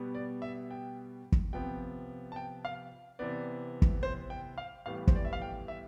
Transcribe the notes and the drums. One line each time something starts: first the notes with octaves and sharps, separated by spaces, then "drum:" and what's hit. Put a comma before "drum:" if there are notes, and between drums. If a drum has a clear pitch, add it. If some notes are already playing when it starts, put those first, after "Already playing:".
Already playing: B2 G3 B3
D5
E5
G5
drum: kick
C3 F3 B3 G5
A5
G5
F5
C3 E3 B3 D5
drum: kick
C5
G5
F5
A2 E3 G3 B3 F5
C5, drum: kick
D5
E5
F5
G5
E5